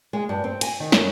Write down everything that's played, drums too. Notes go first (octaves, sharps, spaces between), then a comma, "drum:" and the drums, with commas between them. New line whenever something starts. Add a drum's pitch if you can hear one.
G#3
G2
C4
G#5, drum: cymbal
D#3
F#2, drum: snare